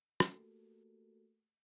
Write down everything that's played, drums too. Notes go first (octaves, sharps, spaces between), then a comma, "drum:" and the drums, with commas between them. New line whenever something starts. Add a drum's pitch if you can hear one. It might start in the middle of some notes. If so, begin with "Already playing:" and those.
A3 A#3 F#4 G4 A4 A#4, drum: rim click